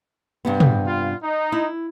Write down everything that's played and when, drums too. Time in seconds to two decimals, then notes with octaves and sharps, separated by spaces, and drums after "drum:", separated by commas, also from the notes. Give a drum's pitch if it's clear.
0.45 G2 C3 B3
0.60 drum: tom
0.86 F4
1.22 D#4
1.52 E4